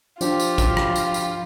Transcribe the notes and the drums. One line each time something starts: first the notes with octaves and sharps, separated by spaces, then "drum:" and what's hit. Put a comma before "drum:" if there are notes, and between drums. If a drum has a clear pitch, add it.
F3 D4 F4 G4, drum: tambourine
drum: tambourine
drum: kick, tambourine
drum: rim click
drum: tambourine
drum: tambourine